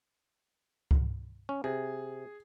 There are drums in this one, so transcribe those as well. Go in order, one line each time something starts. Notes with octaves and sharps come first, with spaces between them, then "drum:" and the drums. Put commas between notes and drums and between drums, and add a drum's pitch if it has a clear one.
drum: kick C#2
C#4
C3 G#4